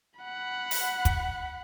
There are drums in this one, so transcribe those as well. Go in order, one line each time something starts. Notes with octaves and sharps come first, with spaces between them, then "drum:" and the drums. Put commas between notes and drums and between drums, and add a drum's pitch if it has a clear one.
F#5 B5
drum: open hi-hat
drum: kick, hi-hat